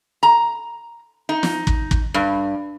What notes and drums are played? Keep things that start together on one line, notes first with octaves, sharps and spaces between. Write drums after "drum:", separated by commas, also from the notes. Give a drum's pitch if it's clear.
A#5
D#4
drum: snare
drum: kick
drum: kick
G2